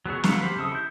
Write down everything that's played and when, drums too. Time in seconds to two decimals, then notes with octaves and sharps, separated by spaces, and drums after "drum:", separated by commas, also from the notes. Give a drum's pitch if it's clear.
0.06 F#3 B3 G#4 C#5
0.24 F#4 A4 B4 F5 F#5, drum: snare
0.41 G4 C5 B5
0.57 C#3 A4 E5 D#6
0.72 E4 G6